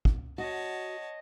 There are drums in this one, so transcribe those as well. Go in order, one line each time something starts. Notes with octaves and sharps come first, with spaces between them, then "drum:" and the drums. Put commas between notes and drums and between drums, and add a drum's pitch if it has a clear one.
drum: kick
F#4 C#5 D#5 A5